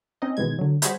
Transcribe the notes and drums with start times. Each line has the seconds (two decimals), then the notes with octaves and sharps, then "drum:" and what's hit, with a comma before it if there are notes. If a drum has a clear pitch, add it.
0.22 C4 C#4 D#4 D#5
0.37 B2 D#3 E3 G#3 G#6
0.59 D3 F#3
0.82 G3 F#4 G#4 C5 C#5 B5, drum: hi-hat